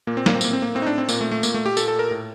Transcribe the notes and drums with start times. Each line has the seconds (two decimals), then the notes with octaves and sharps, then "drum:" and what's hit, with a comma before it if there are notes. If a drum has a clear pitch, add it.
0.07 A#2 A#3
0.17 C4
0.26 A#3, drum: snare
0.35 C4
0.41 A2 A#3, drum: tambourine
0.53 C4
0.62 A#3
0.75 A2 C4
0.82 D#4
0.86 D4
0.98 C4
1.09 A#2 A#3, drum: tambourine
1.21 A3
1.31 A3
1.43 A#2 A#3, drum: tambourine
1.54 A3
1.66 G4
1.77 A#2 A4, drum: tambourine
1.88 A4
1.99 A#4
2.11 A2